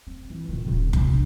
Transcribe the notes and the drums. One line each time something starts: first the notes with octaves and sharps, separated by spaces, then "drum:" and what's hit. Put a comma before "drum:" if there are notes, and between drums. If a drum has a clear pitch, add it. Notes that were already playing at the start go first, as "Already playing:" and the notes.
C4
E3 E4
A#2 D#3
D#1
C3, drum: kick F#1
D3 D4